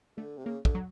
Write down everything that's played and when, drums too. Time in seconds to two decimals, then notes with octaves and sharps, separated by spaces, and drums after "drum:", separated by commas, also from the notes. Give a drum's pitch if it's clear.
0.17 D3 A3
0.38 C3
0.46 C#3 A#3
0.65 D3, drum: kick
0.75 F#3